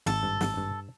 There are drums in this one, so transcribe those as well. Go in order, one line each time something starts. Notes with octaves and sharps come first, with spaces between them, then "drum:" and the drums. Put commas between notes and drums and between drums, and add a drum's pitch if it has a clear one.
G#1 A4, drum: snare
G2
G#1, drum: snare
G2